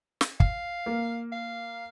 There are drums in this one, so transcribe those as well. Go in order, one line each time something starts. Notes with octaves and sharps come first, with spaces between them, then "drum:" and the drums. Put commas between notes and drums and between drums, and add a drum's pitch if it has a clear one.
drum: snare
F5, drum: kick
A#3
F5